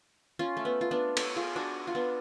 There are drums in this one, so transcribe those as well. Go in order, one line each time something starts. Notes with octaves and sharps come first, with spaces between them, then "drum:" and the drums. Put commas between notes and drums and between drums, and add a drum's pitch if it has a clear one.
C#4 F4
A3
B3
F4
B3 D4
A4 C#5, drum: cymbal
F4 G#4
D4 F#4
F4
B3 D4